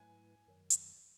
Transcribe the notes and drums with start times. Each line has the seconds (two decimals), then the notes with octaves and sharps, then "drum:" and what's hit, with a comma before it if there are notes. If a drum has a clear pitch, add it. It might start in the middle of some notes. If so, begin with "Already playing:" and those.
Already playing: G#2 F#3 A3 E4 B4 G#5
0.47 F#2 D#3 F#3
0.70 drum: hi-hat